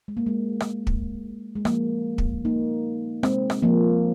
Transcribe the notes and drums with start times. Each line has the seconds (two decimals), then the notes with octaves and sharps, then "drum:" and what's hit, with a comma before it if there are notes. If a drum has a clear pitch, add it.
0.08 G#3
0.17 A#3
0.26 G#3
0.60 drum: rim click
0.87 drum: kick
1.55 G#3
1.65 F3 A#3, drum: rim click
2.18 drum: kick
2.45 A#3 D#4
3.23 G#3 C4, drum: rim click
3.50 drum: rim click
3.62 F3 A#3